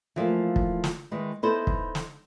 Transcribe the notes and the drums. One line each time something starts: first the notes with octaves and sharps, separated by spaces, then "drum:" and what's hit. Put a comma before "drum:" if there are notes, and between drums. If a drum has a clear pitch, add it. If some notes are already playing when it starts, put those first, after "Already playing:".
E3 F3 A3 A#3
drum: kick
drum: snare
D#3 E3 G#3
B3 D#4 E4 A4 C5
drum: kick
drum: snare